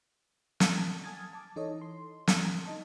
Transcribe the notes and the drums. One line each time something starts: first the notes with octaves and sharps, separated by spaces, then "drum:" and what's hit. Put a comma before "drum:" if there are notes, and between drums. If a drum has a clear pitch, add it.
F#5 A5, drum: snare
G#5 A5 D#6 F6 G#6 A6
A5 D6
E3 D#4 A4 C#5 D#5
C6
drum: snare
D#4 D#5 A5